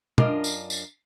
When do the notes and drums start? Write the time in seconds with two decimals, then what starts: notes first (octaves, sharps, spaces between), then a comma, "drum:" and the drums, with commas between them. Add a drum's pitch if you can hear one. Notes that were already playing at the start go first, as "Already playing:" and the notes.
0.18 F#2 D4 F4 A#4 D#5, drum: tom
0.44 drum: tambourine
0.70 drum: tambourine